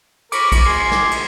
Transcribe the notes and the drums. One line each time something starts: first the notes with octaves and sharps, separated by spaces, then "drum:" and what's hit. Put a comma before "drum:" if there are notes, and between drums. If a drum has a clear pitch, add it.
A#4 B5 C#6 D6, drum: cymbal
drum: kick A#1, cymbal
G#4 C6
drum: snare
drum: cymbal